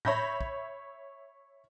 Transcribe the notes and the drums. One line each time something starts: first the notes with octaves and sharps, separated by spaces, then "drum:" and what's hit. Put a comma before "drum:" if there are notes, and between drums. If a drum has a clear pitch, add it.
C#5 E5 B5 G6 A#6, drum: tom A2
drum: kick